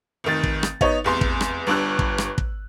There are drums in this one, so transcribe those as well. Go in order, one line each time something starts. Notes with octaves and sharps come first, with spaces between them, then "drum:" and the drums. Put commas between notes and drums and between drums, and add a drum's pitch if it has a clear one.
F1 D#3 A6
drum: kick
drum: rim click
B3 D#4 C#5, drum: kick
F1 E2 C6
drum: kick
drum: rim click
G1 G2 D4 E6 F#6
drum: kick
drum: rim click
drum: kick